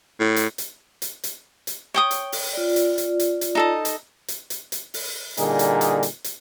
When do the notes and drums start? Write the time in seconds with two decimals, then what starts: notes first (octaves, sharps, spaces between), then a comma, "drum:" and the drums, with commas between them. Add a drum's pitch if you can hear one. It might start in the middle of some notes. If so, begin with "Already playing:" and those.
0.20 A2
0.36 drum: hi-hat
0.58 drum: hi-hat
1.02 drum: hi-hat
1.24 drum: hi-hat
1.67 drum: hi-hat
1.94 C#5 G5 D#6
2.11 drum: hi-hat
2.32 drum: open hi-hat
2.53 F4 D5
2.76 drum: hi-hat
2.98 drum: hi-hat
3.20 drum: hi-hat
3.41 drum: hi-hat
3.55 D#4 A4 D#5
3.85 drum: hi-hat
4.28 drum: hi-hat
4.50 drum: hi-hat
4.72 drum: hi-hat
4.94 drum: open hi-hat
5.37 A#2 D3 G3 D#4 G#4 A#4, drum: hi-hat
5.59 drum: hi-hat
5.81 drum: hi-hat
6.03 drum: hi-hat
6.24 drum: hi-hat